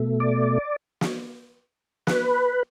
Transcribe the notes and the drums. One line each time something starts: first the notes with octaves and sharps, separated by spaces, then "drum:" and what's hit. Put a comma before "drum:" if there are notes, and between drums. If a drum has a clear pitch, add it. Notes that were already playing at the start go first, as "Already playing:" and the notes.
Already playing: B2 A3
D5
drum: snare
B4, drum: snare